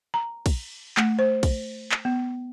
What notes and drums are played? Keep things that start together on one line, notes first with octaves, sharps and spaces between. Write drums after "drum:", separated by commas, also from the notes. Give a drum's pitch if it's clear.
A#5
drum: kick, cymbal
A3, drum: clap
C5
drum: kick, cymbal
drum: clap
B3